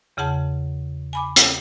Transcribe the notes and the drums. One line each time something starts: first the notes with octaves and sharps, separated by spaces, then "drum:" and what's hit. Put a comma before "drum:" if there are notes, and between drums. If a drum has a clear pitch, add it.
E2 C#3 G#4 F#5 A5
G#5 B5 D6
drum: hi-hat